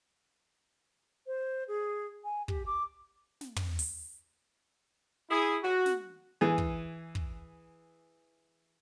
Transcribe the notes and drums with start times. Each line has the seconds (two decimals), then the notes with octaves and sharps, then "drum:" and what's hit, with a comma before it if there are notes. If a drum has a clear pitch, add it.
1.27 C5
1.68 G#4
2.24 G#5
2.48 G4, drum: kick
2.66 D6
3.41 drum: snare
3.56 drum: tom
3.79 drum: open hi-hat
5.30 E4 G#4
5.62 F#4
5.86 drum: snare
6.41 E3 G#4
6.58 drum: kick
7.15 drum: kick